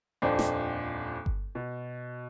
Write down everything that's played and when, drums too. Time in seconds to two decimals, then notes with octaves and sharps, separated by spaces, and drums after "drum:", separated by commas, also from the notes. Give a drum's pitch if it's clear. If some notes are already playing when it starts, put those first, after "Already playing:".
0.22 D#1 F2 D4 C5
0.39 drum: snare
1.26 drum: kick G1
1.55 B2